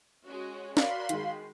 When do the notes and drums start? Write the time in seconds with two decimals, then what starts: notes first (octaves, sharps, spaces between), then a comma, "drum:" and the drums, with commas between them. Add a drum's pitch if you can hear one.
0.25 G#3 C#4 F#4
0.77 F#4 A#4 C#5 D5 F5 B5 C6, drum: snare
1.09 D#3 G#3, drum: hi-hat